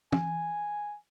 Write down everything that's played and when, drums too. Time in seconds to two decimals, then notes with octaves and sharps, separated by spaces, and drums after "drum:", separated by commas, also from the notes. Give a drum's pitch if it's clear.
0.12 G#5, drum: tom